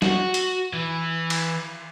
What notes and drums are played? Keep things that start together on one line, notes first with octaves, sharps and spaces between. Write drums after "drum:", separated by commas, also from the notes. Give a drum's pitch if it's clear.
F#4, drum: snare
drum: hi-hat
E3
drum: cymbal